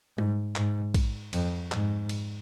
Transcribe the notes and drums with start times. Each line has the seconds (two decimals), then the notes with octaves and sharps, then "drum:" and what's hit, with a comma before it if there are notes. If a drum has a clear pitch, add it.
0.18 G#2, drum: tom
0.56 G#2, drum: clap
0.94 drum: kick, cymbal
1.33 F2, drum: cymbal
1.72 G#2, drum: clap
2.09 drum: cymbal